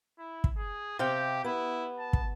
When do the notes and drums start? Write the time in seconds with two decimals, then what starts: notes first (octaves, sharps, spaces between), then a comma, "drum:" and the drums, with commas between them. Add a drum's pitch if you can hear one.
0.19 E4
0.44 drum: kick
0.57 G#4
0.99 C3 G4 F5 G5
1.44 B3 E4
1.99 A5
2.13 drum: kick